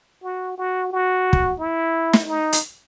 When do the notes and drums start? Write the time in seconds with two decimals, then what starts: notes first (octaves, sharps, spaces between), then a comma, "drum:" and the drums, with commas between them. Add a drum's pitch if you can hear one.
0.23 F#4
0.58 F#4
0.92 F#4
1.33 drum: kick
1.60 E4
2.13 drum: snare
2.28 D#4
2.53 drum: hi-hat